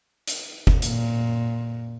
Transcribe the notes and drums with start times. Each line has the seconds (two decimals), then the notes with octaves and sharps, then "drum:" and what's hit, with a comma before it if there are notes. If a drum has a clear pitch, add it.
0.27 drum: hi-hat
0.67 drum: kick F#1
0.82 A#2, drum: hi-hat